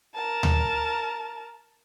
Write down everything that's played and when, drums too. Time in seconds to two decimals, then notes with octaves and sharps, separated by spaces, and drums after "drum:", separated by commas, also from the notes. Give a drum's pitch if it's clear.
0.15 A#4 A5
0.43 drum: tom D2